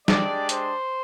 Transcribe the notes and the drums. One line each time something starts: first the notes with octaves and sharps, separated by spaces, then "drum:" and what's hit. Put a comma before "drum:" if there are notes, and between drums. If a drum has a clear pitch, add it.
G#3 D4 G4 D5, drum: snare
C5, drum: hi-hat